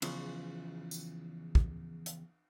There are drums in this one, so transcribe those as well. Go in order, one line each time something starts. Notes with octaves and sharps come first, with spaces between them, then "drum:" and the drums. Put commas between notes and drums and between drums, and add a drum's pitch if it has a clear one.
E2 C#3 F3, drum: cymbal
drum: tambourine
drum: kick
drum: hi-hat